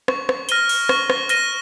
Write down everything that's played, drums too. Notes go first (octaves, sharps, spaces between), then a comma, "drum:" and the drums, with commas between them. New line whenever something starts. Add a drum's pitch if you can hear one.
C#6, drum: rim click
drum: rim click
F6 A#6 D#7 G7, drum: hi-hat
drum: open hi-hat
C#6, drum: rim click
drum: rim click
F6 A#6 D#7 G7, drum: hi-hat